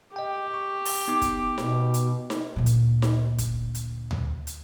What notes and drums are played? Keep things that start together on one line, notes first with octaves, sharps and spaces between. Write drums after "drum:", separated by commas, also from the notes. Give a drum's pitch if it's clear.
G4 D#5 G5
C#6
drum: open hi-hat
B3 D#4 D6
drum: kick, hi-hat
B2, drum: snare D#4
drum: hi-hat
drum: snare D#4
D2 A#2
drum: hi-hat
drum: snare D#4
drum: kick, hi-hat
drum: hi-hat
drum: tom D2
drum: hi-hat